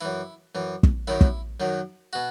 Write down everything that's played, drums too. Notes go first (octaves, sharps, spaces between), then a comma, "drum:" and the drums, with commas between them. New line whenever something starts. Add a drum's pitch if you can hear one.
F#2 E3 E4
F#2 E3
drum: kick
F#2 D#3 F#3 E4
drum: kick
F#2 D#3 F#3
B2 F#4